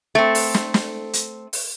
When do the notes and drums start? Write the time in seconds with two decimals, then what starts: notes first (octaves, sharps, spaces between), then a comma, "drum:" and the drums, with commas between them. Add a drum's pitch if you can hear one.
0.15 A3 C4
0.35 drum: open hi-hat
0.54 drum: snare
0.74 drum: snare
1.13 drum: hi-hat
1.53 drum: open hi-hat